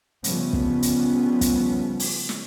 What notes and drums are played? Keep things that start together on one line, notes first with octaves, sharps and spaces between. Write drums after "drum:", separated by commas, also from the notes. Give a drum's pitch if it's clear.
C#3 F3 G3 A3 B3 C#4, drum: hi-hat
drum: kick
drum: hi-hat
drum: kick, hi-hat
drum: open hi-hat
drum: snare